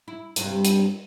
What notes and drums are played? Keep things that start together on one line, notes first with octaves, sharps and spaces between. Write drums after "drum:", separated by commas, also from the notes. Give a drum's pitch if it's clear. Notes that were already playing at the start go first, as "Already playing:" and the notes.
E4
G2 C3, drum: hi-hat
drum: hi-hat